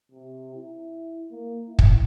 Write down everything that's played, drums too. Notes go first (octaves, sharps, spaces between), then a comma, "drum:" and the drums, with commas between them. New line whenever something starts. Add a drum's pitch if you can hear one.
C3
E4
A#3
E4
drum: kick